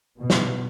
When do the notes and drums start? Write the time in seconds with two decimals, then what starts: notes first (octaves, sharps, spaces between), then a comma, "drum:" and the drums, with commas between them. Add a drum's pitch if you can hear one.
0.19 B2
0.30 drum: snare